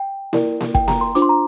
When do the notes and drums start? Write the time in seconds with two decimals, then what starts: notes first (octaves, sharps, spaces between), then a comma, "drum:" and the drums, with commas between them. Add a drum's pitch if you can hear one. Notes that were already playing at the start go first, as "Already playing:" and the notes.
Already playing: G5
0.33 E4 A#4 D5, drum: snare A#3
0.60 drum: snare A#3
0.75 G5, drum: kick
0.88 A#5, drum: snare A#3
1.01 C6
1.15 D4 F4 C5 D6, drum: hi-hat
1.22 C6
1.29 A#5